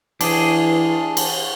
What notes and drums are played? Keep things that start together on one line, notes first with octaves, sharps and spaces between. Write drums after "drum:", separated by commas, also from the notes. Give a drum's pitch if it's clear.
E3 D4 G#4, drum: cymbal
drum: cymbal